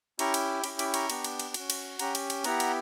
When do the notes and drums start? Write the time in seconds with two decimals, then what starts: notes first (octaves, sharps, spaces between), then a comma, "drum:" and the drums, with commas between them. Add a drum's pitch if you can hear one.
0.19 C#4 E4 G4 A#5 C#6, drum: cymbal
0.34 drum: cymbal
0.64 C#4 E4 G4 B5 D6, drum: cymbal
0.79 B5 D6, drum: cymbal
0.94 A#5 C#6, drum: cymbal
1.10 B3 D4 G4, drum: cymbal
1.24 drum: cymbal
1.40 drum: cymbal
1.54 C#4 F#4, drum: cymbal
1.70 drum: cymbal
1.99 C#4 G4 F#5 A#5, drum: cymbal
2.15 drum: cymbal
2.30 drum: cymbal
2.44 B3 E4 G4 F#5 A#5, drum: cymbal
2.60 drum: cymbal